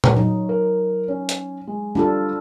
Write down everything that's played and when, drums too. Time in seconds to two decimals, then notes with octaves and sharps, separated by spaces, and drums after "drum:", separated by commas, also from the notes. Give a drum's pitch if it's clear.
0.04 drum: tom A#2
0.16 F#3 D#4
0.49 A#4
1.08 C#4
1.29 drum: hi-hat
1.67 G#3
1.95 G3 D4 F4 A4